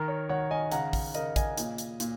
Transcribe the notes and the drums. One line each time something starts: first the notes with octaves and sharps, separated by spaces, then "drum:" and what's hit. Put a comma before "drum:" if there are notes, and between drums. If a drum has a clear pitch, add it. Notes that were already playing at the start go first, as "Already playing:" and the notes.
Already playing: D#3 A#4
C#5
D#3 C#5 F#5
D#5 G#5
C#3 F#5 A#5, drum: hi-hat
drum: kick, open hi-hat
C#3 A#4 D#5, drum: hi-hat
D#5 G#5, drum: kick, hi-hat
A#2, drum: hi-hat
drum: hi-hat
A#2, drum: hi-hat